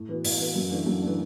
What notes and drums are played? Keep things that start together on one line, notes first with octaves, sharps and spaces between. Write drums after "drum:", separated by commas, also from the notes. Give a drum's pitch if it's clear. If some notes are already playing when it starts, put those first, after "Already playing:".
Already playing: A2
E3 B3 F#4
A2, drum: open hi-hat
E3 B3 F#4
F#2
E3 A3 D4
F#2
E3 A3 D4